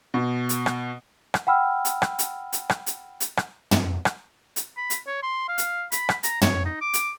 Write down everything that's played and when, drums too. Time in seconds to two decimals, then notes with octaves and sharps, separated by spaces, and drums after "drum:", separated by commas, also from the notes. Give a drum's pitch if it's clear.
0.14 B2
0.49 drum: hi-hat
0.66 drum: rim click
1.34 drum: rim click
1.47 F#5 G5 B5 E6 F6
1.85 drum: hi-hat
2.02 drum: rim click
2.19 drum: hi-hat
2.53 drum: hi-hat
2.70 drum: rim click
2.86 drum: hi-hat
3.20 drum: hi-hat
3.37 drum: rim click
3.71 drum: tom
4.05 drum: rim click
4.56 drum: hi-hat
4.77 B5
4.90 drum: hi-hat
5.07 C#5
5.22 C6
5.49 F5
5.58 drum: hi-hat
5.92 B5, drum: hi-hat
6.09 drum: rim click
6.23 A#5, drum: hi-hat
6.41 C#5, drum: tom
6.65 D#4
6.81 D6
6.93 drum: hi-hat